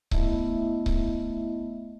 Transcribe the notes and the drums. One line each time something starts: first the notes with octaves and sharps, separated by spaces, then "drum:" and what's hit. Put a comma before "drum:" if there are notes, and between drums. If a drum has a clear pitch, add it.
A3 B3 E4 D#5 E5, drum: kick C#1
drum: kick C#1